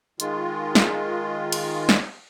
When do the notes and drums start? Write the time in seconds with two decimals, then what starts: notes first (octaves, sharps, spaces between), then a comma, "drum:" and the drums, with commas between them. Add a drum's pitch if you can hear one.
0.20 D#3 G#3 F4, drum: hi-hat
0.75 drum: snare
1.52 drum: cymbal
1.89 drum: snare